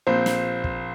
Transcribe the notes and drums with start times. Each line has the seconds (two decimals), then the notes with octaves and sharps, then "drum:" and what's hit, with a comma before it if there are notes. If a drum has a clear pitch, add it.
0.07 A#1 C4 C5
0.26 drum: snare
0.64 drum: kick